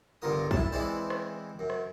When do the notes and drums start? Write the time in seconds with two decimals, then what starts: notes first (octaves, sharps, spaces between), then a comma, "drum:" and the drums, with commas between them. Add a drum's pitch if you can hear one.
0.22 B1 G2 D3 F4 A#4 D#6
0.51 E4 A5, drum: kick
0.72 E3 G#3 C4 E4 C5 D5
1.10 drum: rim click
1.59 F#2
1.70 drum: rim click